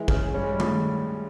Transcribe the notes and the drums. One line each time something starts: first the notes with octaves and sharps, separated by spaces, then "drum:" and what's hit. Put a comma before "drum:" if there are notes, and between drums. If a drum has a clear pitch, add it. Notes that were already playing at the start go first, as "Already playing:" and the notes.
Already playing: E3 G#3
C#3, drum: kick
G3 C#4
G#3
G3
A2, drum: tom D#3